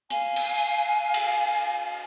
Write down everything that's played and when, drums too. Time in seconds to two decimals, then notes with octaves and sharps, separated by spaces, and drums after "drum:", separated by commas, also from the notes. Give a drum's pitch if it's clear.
0.10 F5 G#5, drum: hi-hat
0.36 drum: cymbal
1.14 drum: cymbal